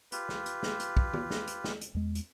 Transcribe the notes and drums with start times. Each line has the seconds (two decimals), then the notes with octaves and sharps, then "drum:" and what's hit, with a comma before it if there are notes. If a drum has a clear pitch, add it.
0.12 F4 G4 B4, drum: hi-hat
0.29 drum: snare
0.46 drum: hi-hat
0.63 drum: snare
0.80 drum: hi-hat
0.97 drum: kick
1.14 drum: tom
1.30 drum: snare
1.47 drum: hi-hat
1.64 drum: snare
1.81 drum: hi-hat
1.95 E2 G#3
2.15 drum: hi-hat